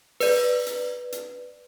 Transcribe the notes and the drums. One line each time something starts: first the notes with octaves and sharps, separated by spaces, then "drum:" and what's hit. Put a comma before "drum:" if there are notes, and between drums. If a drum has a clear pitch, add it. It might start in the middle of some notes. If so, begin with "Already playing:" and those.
B4 D5, drum: open hi-hat
drum: hi-hat
drum: hi-hat